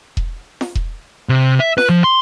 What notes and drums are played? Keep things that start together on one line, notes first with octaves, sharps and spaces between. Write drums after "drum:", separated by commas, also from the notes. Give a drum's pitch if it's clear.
drum: kick E1
drum: snare F4
drum: kick E1
C3
E5
B4, drum: snare F4
F3
C6